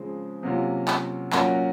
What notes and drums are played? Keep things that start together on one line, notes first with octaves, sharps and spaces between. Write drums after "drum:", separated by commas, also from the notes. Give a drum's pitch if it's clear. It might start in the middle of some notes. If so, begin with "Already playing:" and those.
Already playing: C#3 F3 G#3 C4
C3 F#3 A#3 C#4 F4
drum: clap
A#2 F#3 C#4 F#4 A#4, drum: clap